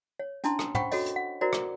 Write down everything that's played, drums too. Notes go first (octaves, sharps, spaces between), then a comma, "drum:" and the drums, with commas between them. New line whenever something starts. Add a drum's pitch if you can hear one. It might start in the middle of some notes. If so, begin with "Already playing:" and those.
C#5
C#4 D4 E4 A5 C6, drum: hi-hat
drum: rim click
C5 F#5 G5 B5 C#6, drum: tom
F#4 A4 C#5 D#5, drum: open hi-hat
drum: hi-hat
F#5
E4 F#4 A#4 C5 D5
drum: rim click